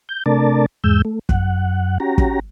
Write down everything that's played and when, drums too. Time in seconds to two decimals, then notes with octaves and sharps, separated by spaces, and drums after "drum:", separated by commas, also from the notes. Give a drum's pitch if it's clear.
0.09 G6
0.26 C3 A3 D4 A#4 D5 A5
0.84 E2 G#2 G#3 E6 G6
1.05 A3
1.29 F#2 F#5, drum: kick
2.00 C#4 F#4 G4 A#5
2.18 drum: kick